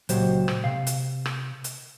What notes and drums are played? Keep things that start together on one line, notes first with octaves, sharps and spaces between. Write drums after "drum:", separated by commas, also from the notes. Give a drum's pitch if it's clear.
C#2 A#2 F#3 F#4 G4 C5, drum: hi-hat
drum: rim click
C3 F5
drum: hi-hat
drum: rim click
drum: hi-hat